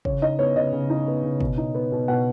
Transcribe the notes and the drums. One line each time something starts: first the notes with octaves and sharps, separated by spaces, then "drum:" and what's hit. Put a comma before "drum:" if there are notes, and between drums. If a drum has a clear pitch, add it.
C#3 C#5, drum: kick
D#4 D#5
B3 C#5
C#3 D#5
C#3
D#4
B3
C#3
B2, drum: kick
D#4
B3
B2
B2 F#5